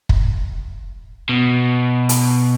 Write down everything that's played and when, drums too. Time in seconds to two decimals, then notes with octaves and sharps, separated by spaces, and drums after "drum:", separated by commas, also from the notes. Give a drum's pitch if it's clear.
0.09 drum: kick
1.29 B2
2.09 drum: hi-hat